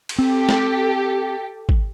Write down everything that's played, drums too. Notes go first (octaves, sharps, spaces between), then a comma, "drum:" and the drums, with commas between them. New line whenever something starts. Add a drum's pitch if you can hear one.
drum: cymbal
C4 G4 A4
drum: snare
drum: kick